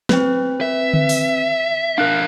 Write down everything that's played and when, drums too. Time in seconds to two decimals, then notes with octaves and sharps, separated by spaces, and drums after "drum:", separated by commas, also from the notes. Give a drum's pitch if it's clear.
0.09 C4 B4, drum: snare
0.61 E5
0.94 drum: tom D3
1.09 drum: open hi-hat
1.98 D4 A#4 F5 F#6